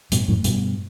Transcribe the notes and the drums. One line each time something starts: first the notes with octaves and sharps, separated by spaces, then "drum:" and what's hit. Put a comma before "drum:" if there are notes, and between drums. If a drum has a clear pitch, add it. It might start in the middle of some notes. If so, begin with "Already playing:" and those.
G2 B2, drum: hi-hat
F#2 A2
G2 B2, drum: hi-hat